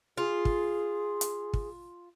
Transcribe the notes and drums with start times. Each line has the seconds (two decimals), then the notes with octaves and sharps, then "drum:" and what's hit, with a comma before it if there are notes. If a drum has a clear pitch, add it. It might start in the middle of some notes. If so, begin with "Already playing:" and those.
0.18 F4 G#4
0.45 drum: kick
1.21 drum: hi-hat
1.54 drum: kick